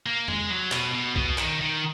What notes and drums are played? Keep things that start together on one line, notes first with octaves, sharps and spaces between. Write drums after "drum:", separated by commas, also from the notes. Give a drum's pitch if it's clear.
A#3
G#3, drum: tom E2
F#3
B2, drum: clap
B2
B2, drum: kick B1
D#3, drum: clap
D#3